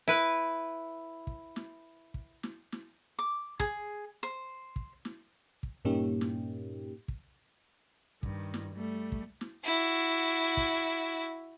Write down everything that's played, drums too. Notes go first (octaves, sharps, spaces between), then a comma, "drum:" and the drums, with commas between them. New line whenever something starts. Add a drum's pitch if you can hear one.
E4 B4
drum: kick
drum: snare
drum: kick
drum: snare
drum: snare
D6
G#4, drum: kick
C5
drum: kick
drum: snare
drum: kick
G2 A#2 A#3 C#4 D#4 G4
drum: snare
drum: kick
G2 D#3, drum: kick
drum: snare
G3 A3
drum: kick
drum: snare
E4 F#4
drum: kick